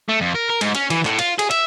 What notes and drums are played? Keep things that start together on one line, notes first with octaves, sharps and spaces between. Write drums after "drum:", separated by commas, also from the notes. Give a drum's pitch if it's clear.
A3
F2
A#4
A#4
G#2, drum: cymbal
C#4, drum: cymbal
E3, drum: cymbal
A2, drum: clap
F4, drum: cymbal
G#4, drum: cymbal
E5, drum: cymbal